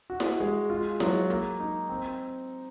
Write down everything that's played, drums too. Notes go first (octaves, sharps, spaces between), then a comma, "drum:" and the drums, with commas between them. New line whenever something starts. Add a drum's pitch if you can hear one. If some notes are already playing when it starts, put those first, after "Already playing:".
F#4
drum: snare E4
G#3
F4
F#3, drum: snare E4
A#3, drum: hi-hat
D#4
C4